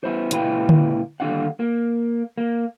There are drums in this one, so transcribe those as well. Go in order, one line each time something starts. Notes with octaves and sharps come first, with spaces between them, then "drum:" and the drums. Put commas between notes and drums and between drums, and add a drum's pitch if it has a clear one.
B3 E4 C5
C#2 A#2 E4 B4 F5 G5, drum: hi-hat
drum: tom D3
D#2 D3 G3 D4 F5 F#5
A#3
A#3